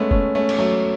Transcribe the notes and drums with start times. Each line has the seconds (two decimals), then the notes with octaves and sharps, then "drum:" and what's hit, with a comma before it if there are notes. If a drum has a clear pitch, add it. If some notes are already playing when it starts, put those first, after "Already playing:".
Already playing: G#3 A3 B3 C#4
0.11 A3 C#4, drum: kick
0.35 A3 C#4
0.49 drum: cymbal
0.58 F#3 A3